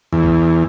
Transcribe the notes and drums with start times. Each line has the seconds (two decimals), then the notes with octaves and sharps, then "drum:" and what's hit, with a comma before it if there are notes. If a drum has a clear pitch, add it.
0.13 E2
0.23 drum: kick